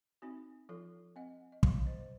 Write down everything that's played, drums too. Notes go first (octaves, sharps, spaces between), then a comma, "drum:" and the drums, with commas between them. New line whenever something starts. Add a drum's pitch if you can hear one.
C4 D#4 F#4
F3 F4 A4
C4 D#5 F#5
D#5
F#3 C#5 F5, drum: kick
C5 D#5
C5